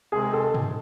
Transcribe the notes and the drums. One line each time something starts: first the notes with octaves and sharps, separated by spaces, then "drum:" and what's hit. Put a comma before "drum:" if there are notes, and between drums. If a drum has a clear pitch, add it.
C3 D#3 G#3 C4 G#4
A4
drum: tom